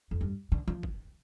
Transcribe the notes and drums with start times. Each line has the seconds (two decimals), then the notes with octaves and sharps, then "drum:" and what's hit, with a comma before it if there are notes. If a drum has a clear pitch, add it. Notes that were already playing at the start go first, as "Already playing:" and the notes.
0.11 F2
0.21 G2
0.52 D3
0.68 F3
0.83 drum: kick